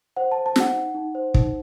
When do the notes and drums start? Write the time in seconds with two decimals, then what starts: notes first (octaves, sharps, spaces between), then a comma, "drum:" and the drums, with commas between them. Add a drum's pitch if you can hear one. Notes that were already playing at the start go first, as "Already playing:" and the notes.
0.16 C5 F#5
0.31 C5 A5
0.46 A5
0.56 D#4 F#5, drum: snare
0.76 D#4
0.95 D#4
1.15 C5
1.34 D#4, drum: kick